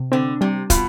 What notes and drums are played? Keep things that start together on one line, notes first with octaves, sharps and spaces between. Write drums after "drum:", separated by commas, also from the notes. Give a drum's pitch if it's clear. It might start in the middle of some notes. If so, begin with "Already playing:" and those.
Already playing: C3
D3 C4
C3 G3
B2 F4, drum: kick, hi-hat